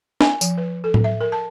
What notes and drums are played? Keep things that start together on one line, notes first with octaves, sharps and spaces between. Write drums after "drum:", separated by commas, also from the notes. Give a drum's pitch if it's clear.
G#5, drum: snare
F3, drum: tambourine
B4
A4
drum: tom A2
E5
A#4
A5